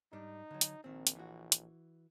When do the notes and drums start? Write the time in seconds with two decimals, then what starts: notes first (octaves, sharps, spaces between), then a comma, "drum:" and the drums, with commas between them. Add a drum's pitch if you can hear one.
0.13 G#2 G3 D4 D#4
0.51 D3 F#3
0.61 drum: hi-hat
0.84 A#1 D#3 C4
1.07 drum: hi-hat
1.16 E3 F#4
1.52 drum: hi-hat